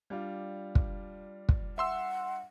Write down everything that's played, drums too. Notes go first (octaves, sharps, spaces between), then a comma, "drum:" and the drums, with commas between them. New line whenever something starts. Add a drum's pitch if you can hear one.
G3 D4 F4
drum: kick
drum: kick
E5 F#5 C6 E6